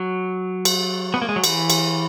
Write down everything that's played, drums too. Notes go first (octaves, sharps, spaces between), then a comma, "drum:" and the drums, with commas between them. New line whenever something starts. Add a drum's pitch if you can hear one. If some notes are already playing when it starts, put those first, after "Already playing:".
Already playing: F#3
drum: cymbal
B3
A#3
G#3
F#3
E3, drum: cymbal
drum: cymbal